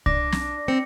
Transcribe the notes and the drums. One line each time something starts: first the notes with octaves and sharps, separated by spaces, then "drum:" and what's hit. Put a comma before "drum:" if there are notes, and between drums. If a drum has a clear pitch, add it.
D4 D6 A#6, drum: kick C2
drum: snare
C4 C#7